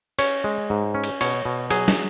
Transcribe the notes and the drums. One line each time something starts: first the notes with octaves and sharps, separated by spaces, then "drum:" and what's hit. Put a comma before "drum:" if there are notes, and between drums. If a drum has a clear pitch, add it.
C#4 C#5, drum: cymbal
G#3
G#2
C#4
drum: cymbal
B2 C#5, drum: cymbal
B2
F#3 G#4, drum: cymbal
drum: snare